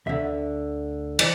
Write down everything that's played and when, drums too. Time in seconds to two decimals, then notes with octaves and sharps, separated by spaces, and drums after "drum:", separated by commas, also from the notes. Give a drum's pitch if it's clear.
0.06 D2 D3 E5
1.19 E3 D5, drum: cymbal